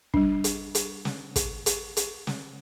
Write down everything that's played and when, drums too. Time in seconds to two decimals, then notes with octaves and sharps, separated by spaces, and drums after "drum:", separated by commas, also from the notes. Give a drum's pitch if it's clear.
0.14 G3 D4, drum: kick
0.44 drum: hi-hat
0.75 drum: hi-hat
1.05 drum: snare
1.36 drum: kick, hi-hat
1.66 drum: hi-hat
1.97 drum: hi-hat
2.27 drum: snare